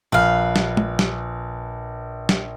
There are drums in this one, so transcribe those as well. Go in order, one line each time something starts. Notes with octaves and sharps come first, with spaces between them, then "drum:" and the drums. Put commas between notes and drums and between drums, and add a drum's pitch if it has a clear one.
A#1 B4 F5
drum: snare
drum: tom
drum: snare
drum: snare